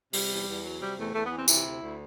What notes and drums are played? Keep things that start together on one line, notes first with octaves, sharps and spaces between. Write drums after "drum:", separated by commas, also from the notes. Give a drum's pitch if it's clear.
C3 G3, drum: open hi-hat
E2
E2
F#3
C3 G3
E2 A3
E2 A3
B3
E3
C4
C3 E4, drum: tambourine
D2
D2